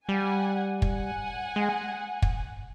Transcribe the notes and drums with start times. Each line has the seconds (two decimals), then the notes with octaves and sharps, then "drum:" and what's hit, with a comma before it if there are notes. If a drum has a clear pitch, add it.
0.09 G3 F#5 G#5
0.82 F#5 G#5, drum: kick
1.56 G#3
2.22 drum: kick